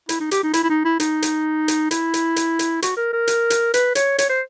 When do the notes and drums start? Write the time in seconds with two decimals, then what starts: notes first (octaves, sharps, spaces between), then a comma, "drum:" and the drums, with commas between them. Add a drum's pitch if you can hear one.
0.09 E4, drum: hi-hat
0.20 D#4
0.31 G4, drum: hi-hat
0.43 D#4
0.54 E4, drum: hi-hat
0.64 E4
0.70 D#4
0.85 E4
1.00 D#4, drum: hi-hat
1.22 drum: hi-hat
1.68 drum: hi-hat
1.91 E4, drum: hi-hat
2.14 drum: hi-hat
2.36 drum: hi-hat
2.59 drum: hi-hat
2.82 F#4, drum: hi-hat
2.97 A#4
3.13 A#4
3.27 drum: hi-hat
3.50 drum: hi-hat
3.74 B4, drum: hi-hat
3.95 C#5, drum: hi-hat
4.18 C#5, drum: hi-hat
4.29 C5